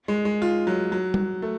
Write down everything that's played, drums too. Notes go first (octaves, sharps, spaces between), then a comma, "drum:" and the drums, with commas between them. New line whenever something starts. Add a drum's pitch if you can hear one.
G#3
G#3
F4
F#3
F#3
drum: tom G3
A3